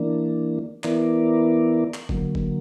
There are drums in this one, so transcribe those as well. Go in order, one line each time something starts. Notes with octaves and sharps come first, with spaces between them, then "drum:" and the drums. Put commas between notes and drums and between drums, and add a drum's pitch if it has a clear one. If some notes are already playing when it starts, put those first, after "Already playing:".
Already playing: E3 A#3 D4
E3 B3 E4 A#4 D5, drum: clap
drum: clap
D3 F#3 A#3, drum: kick F1
drum: kick F1